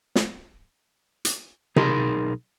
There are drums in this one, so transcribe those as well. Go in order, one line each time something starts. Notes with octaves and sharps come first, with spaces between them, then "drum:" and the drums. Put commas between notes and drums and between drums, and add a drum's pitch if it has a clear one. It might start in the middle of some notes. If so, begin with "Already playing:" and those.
drum: snare
drum: hi-hat
B1 D#4 G#4 A#4 B5 C6, drum: tom C3